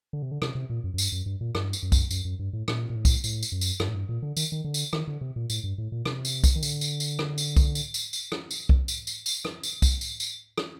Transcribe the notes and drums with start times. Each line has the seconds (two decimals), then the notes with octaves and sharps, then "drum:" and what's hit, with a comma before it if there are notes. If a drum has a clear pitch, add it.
0.13 D3
0.22 C3
0.31 D3
0.42 C3, drum: rim click
0.55 C3
0.70 A#2
0.84 F#2
0.94 F#2
0.98 G2, drum: tambourine
1.12 F#2
1.26 G2
1.41 A#2
1.55 G2, drum: rim click
1.73 drum: tambourine
1.83 F#2
1.92 drum: kick, tambourine
2.11 F#2, drum: tambourine
2.25 F#2
2.39 G2
2.53 A2
2.68 A#2, drum: rim click
2.90 A#2
2.95 A2
3.05 drum: kick, tambourine
3.24 A2, drum: tambourine
3.43 drum: tambourine
3.52 F#2
3.61 drum: tambourine
3.80 G2, drum: rim click
3.89 A2
3.94 G2
4.09 A#2
4.22 D3
4.37 D#3, drum: tambourine
4.52 D#3
4.64 D3
4.74 drum: tambourine
4.93 D#3, drum: rim click
5.07 D3
5.21 C3
5.36 A#2
5.50 A2, drum: tambourine
5.64 G2
5.78 A2
5.92 A#2
6.06 C3, drum: rim click
6.25 drum: tambourine
6.44 drum: kick, tambourine
6.56 D#3
6.63 D3, drum: tambourine
6.81 drum: tambourine
7.00 drum: tambourine
7.19 drum: rim click
7.38 drum: tambourine
7.56 drum: kick, tambourine
7.75 drum: tambourine
7.94 drum: tambourine
8.13 drum: tambourine
8.32 drum: rim click
8.51 drum: tambourine
8.69 drum: kick
8.88 drum: tambourine
9.07 drum: tambourine
9.26 drum: tambourine
9.45 drum: rim click
9.63 drum: tambourine
9.82 drum: kick, tambourine
10.01 drum: tambourine
10.20 drum: tambourine
10.58 drum: rim click